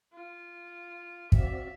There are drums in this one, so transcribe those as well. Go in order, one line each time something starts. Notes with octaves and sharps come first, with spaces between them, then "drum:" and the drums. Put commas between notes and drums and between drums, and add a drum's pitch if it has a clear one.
F4
C4 F#4 D5 E5 F5, drum: kick